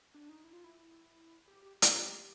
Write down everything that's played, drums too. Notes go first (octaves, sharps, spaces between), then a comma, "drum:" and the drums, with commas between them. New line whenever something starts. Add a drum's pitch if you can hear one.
D4
D#4
E4
F4
E4
G4
G4
F#4, drum: hi-hat
G4